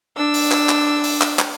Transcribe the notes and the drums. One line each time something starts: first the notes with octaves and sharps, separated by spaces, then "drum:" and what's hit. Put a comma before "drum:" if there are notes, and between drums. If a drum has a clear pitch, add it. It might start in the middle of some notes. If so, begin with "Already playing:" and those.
D4 E6
drum: open hi-hat
drum: clap
drum: clap
drum: open hi-hat
drum: clap
drum: clap